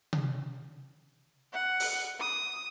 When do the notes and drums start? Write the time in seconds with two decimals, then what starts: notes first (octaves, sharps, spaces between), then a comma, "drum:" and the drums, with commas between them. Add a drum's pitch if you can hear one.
0.13 drum: tom C3
1.53 F#5
1.80 drum: open hi-hat
2.20 D#6